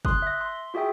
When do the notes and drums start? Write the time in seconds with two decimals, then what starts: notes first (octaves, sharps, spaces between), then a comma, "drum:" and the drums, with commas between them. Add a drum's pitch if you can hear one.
0.05 C6 D#6 F#6, drum: kick
0.22 E5 A#6
0.41 C6
0.74 F4 F#4 G#4 E5 G5 D#6